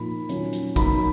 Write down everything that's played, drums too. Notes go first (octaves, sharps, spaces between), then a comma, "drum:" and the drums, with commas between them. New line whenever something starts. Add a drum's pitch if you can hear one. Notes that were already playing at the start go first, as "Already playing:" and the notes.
Already playing: A#2 F3 A#3 D#4 B5
D#3 F#3 C#4 F4, drum: hi-hat
drum: hi-hat
B2 F#3 A#3 D#4 B5, drum: kick, hi-hat